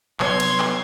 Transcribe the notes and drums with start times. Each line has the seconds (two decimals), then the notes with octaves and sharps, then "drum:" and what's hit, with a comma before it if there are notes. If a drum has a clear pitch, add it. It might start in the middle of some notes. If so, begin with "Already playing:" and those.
0.20 C3 F#3 B3 B4 C#5 C6 G#6, drum: clap
0.40 drum: cymbal
0.60 drum: clap